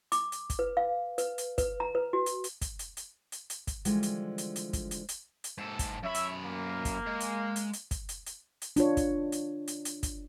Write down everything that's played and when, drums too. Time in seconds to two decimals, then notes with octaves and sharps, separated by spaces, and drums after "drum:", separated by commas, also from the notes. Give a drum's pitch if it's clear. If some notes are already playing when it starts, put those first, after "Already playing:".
0.12 D6, drum: hi-hat
0.32 drum: hi-hat
0.50 drum: kick, hi-hat
0.59 B4
0.77 F5
1.18 B4, drum: hi-hat
1.38 drum: hi-hat
1.58 B4, drum: kick, hi-hat
1.80 A#5
1.95 B4
2.13 F#4
2.26 drum: hi-hat
2.44 drum: hi-hat
2.61 drum: kick, hi-hat
2.79 drum: hi-hat
2.97 drum: hi-hat
3.32 drum: hi-hat
3.50 drum: hi-hat
3.67 drum: kick, hi-hat
3.85 D3 E3 F3 G3 G#3, drum: hi-hat
4.03 drum: hi-hat
4.38 drum: hi-hat
4.56 drum: hi-hat
4.73 drum: kick, hi-hat
4.91 drum: hi-hat
5.09 drum: hi-hat
5.44 drum: hi-hat
5.58 G#2 A4
5.79 drum: kick, hi-hat
6.04 F#2 C#5 E5 B5
6.14 drum: hi-hat
6.46 A#3
6.85 drum: kick, hi-hat
7.06 G#3
7.20 drum: hi-hat
7.56 drum: hi-hat
7.73 drum: hi-hat
7.91 drum: kick, hi-hat
8.09 drum: hi-hat
8.26 drum: hi-hat
8.62 drum: hi-hat
8.76 D4 F4 C#5, drum: hi-hat
8.97 drum: kick, hi-hat
9.32 drum: hi-hat
9.67 drum: hi-hat
9.85 drum: hi-hat
10.03 drum: kick, hi-hat